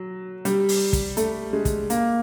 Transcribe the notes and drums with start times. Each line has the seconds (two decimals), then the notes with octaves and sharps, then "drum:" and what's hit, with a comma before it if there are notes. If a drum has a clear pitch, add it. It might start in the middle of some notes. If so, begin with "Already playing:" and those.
Already playing: F#3
0.45 G3, drum: hi-hat
0.69 drum: open hi-hat
0.93 drum: kick, hi-hat
1.17 A3, drum: hi-hat
1.53 G#3
1.65 drum: kick, hi-hat
1.90 A#3, drum: hi-hat